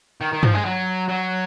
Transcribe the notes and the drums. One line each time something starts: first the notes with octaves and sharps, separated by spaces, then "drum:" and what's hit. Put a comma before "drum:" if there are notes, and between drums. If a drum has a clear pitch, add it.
D#3
D#3
F3, drum: tom G2
G#3
F#3
F#3